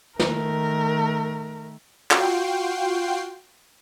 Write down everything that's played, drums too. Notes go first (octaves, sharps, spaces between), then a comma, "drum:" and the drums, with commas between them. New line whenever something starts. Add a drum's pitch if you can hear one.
D#3 A3 A#4, drum: snare
F4 F#4 G5 C7, drum: clap